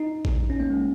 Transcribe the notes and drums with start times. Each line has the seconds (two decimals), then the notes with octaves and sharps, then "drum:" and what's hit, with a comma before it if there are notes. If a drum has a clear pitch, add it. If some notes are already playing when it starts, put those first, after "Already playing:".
Already playing: D#4
0.25 drum: kick A1
0.50 C#4
0.60 A#3
0.70 G#3